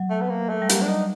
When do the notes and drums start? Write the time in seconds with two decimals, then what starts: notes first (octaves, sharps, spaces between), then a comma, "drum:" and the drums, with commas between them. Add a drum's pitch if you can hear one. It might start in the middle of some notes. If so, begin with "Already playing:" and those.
Already playing: F#3
0.10 A3
0.21 B3
0.29 A#3
0.49 A3
0.62 G3
0.69 F#3 A#3, drum: hi-hat
0.81 D4
0.88 D#4